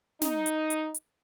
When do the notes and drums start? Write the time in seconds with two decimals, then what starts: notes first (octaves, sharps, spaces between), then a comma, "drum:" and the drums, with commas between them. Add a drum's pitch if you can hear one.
0.22 D#4, drum: snare
0.46 drum: hi-hat
0.70 drum: hi-hat
0.94 drum: hi-hat